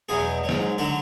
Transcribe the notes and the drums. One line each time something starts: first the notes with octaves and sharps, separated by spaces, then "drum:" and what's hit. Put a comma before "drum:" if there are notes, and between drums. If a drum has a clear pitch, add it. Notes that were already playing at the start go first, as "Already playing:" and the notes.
E2 B2 F#3 G#4
F#3
G#2, drum: snare
D3 F#3 F#4